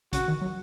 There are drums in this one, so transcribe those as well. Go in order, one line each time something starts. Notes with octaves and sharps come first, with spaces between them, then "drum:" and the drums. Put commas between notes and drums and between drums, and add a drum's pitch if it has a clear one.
C#3 F#4, drum: kick, hi-hat
D#3
F#3